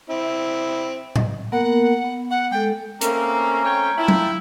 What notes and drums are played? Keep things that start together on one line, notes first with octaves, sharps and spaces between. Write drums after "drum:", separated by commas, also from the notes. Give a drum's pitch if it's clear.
C4 E4
drum: tom A2
A#3 B3 A#4 F#5
B3
F#5
G#3 A4 G5
A3 A#3 C4 C#4 A#5, drum: hi-hat
C#5 G5
E4 F4 G5 A5
drum: tom F#3